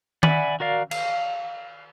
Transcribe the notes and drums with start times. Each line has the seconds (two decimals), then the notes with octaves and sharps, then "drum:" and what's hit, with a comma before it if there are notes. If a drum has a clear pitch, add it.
0.23 D5 E5 F#5 G#5 B5, drum: tom D#3
0.60 F#4 A#4 D5 F5
0.91 F5, drum: cymbal